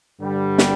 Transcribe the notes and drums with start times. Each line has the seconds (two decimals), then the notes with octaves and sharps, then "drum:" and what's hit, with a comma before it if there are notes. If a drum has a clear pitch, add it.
0.21 G2 D3 G3
0.58 drum: snare